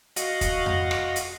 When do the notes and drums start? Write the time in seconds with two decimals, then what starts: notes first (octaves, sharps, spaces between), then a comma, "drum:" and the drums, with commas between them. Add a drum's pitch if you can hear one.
0.16 F#4 D#5 F5 F#5, drum: hi-hat
0.41 drum: kick, hi-hat
0.66 drum: tom F2
0.91 drum: rim click
1.16 drum: hi-hat